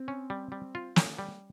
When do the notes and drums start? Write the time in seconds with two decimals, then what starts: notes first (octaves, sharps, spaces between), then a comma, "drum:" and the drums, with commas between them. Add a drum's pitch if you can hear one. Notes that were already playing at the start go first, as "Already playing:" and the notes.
Already playing: C4
0.08 C#4
0.30 G3
0.52 G3
0.75 F4
0.96 C#4, drum: snare
1.19 G3